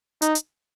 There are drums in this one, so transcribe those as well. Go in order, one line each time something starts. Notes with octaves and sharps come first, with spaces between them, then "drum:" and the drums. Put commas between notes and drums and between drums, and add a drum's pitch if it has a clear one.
D#4, drum: hi-hat
drum: hi-hat